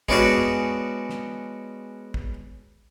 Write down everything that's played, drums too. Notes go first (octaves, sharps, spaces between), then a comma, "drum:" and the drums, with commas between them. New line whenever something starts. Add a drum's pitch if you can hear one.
G#3 B3 C#4 D4 F#4 G#4, drum: kick
drum: tom F2
drum: snare
drum: kick